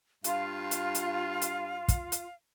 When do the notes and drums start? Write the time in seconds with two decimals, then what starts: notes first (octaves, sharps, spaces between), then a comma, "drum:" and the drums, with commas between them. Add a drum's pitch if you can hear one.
0.24 G2 F4 F5, drum: hi-hat
0.71 drum: hi-hat
0.95 drum: hi-hat
1.42 drum: hi-hat
1.88 drum: kick, hi-hat
2.12 drum: hi-hat